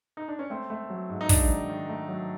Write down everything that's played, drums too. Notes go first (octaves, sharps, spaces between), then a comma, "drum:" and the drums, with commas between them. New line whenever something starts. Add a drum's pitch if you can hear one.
D#4
D4
C#4
A3 C4
A3
F#3
G#2
D#4
G#2 D4, drum: kick, open hi-hat
D#3
D#3
A3
F#3